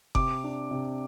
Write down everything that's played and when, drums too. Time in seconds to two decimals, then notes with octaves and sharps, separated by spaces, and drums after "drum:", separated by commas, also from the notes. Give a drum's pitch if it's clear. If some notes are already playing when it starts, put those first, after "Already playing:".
0.15 C3 D6, drum: kick F#1
0.44 D4
0.71 C3